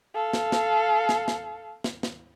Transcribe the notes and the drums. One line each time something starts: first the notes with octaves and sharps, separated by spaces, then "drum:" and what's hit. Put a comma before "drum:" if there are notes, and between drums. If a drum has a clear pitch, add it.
A4 F5
drum: snare
drum: snare
drum: snare
drum: snare
drum: snare
drum: snare